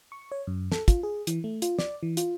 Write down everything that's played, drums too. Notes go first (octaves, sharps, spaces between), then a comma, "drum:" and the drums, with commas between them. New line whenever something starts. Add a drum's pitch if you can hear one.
C#6
C#5
F#2
A4, drum: snare
F4, drum: kick, hi-hat
G#4
E3, drum: hi-hat
A3
F4, drum: hi-hat
D5, drum: snare
E3
F4, drum: hi-hat